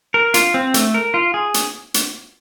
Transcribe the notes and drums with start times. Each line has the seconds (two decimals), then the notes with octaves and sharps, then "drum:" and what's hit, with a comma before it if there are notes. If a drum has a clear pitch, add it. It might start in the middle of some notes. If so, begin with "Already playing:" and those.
0.14 A#4
0.34 F4, drum: hi-hat
0.54 C4
0.74 A3, drum: hi-hat
0.94 A#4
1.14 F4
1.34 G#4
1.54 drum: hi-hat
1.94 drum: hi-hat